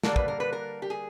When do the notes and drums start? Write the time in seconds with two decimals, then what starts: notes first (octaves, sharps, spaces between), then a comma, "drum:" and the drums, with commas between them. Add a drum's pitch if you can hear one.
0.03 D3 G3 A#3 D4 A#4, drum: snare
0.16 B4, drum: kick
0.28 A#4
0.40 B4
0.53 A#4
0.82 G4
0.90 G#4